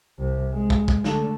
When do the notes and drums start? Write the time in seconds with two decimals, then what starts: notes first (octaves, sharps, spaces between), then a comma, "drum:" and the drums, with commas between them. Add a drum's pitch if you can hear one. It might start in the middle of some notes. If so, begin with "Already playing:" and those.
0.18 C2 C3
0.52 G#3
0.70 drum: kick
0.88 drum: kick
1.04 D3 A3, drum: snare